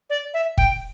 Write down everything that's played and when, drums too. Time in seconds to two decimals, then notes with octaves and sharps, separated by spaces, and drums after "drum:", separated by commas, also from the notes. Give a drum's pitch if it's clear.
0.10 D5
0.34 E5
0.58 G5, drum: kick